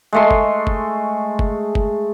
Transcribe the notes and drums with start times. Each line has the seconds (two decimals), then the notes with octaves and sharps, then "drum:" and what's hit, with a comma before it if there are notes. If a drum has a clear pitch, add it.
0.13 G#3 A3 C6
0.31 drum: kick
0.67 drum: kick
1.39 drum: kick
1.75 drum: kick